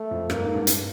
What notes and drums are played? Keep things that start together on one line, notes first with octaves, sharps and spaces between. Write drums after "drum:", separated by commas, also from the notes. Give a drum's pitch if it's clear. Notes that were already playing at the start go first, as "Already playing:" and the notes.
Already playing: A3
F2
G2 A#3, drum: rim click
G#2
G2
G#2
G2, drum: hi-hat